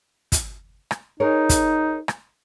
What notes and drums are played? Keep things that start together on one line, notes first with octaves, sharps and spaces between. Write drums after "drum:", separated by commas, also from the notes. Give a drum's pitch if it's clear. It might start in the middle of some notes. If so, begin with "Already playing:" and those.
drum: kick, hi-hat
drum: rim click
D#4 G#4 A#4 C#5
drum: kick, hi-hat
drum: rim click